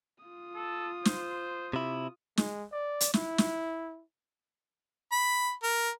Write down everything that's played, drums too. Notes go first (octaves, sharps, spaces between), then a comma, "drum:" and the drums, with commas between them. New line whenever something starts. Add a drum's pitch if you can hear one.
F4 D#6
A4
C5, drum: snare
C3 E4
G#3, drum: snare
D5
drum: hi-hat
E4, drum: snare
drum: snare
B5
A#4